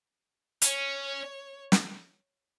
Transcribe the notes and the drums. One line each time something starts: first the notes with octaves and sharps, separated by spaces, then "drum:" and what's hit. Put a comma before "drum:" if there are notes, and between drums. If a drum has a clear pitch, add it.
C#4 C#5, drum: hi-hat
drum: snare